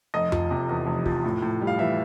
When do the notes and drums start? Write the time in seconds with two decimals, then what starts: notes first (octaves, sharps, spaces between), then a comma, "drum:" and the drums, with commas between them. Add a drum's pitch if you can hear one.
0.14 F1 D#5
0.32 F3, drum: tom F2
0.51 C3
0.69 E2
0.87 F1
1.06 F3, drum: kick
1.24 A2
1.42 A2
1.61 G3
1.67 F5
1.79 E3 E5